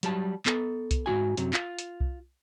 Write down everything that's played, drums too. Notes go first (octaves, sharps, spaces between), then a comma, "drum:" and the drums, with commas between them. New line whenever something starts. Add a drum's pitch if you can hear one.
F#3 G3 A5, drum: hi-hat
B3 A4, drum: clap
drum: kick C2, hi-hat
G#2 E3 F#4 G#5
F#2 C3 F#3, drum: hi-hat
F4, drum: clap
drum: hi-hat
drum: kick C2